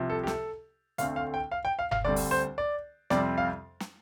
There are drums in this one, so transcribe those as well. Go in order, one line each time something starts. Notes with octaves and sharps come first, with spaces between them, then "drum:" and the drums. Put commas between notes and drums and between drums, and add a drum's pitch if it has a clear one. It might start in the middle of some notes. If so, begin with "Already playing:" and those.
Already playing: C2 C3 F3
A4
G4
A4, drum: snare
D2 D3 A3 C4 F5, drum: hi-hat
F5
G5
F5
G5
F5
F5, drum: tom F#1
D2 D3 G3 C4 D5
drum: open hi-hat
C5
D5
F2 C3 G3 C4 D5, drum: snare
F5
drum: snare